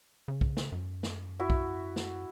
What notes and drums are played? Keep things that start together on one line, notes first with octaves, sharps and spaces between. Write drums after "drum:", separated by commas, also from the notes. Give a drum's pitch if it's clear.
C#3
drum: kick B1
drum: snare
F#2
drum: snare
E4 F#4 E5
drum: kick B1
drum: snare